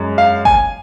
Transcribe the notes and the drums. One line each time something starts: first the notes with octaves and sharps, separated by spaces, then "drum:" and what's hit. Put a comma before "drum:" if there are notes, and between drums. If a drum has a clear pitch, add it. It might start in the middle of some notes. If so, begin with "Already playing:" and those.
Already playing: F#2 G#3
F5
G#5, drum: kick